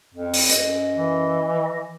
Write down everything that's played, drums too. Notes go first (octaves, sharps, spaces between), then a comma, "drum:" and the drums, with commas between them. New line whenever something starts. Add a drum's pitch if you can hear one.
F2
drum: open hi-hat
F#2 D#5, drum: hi-hat
E3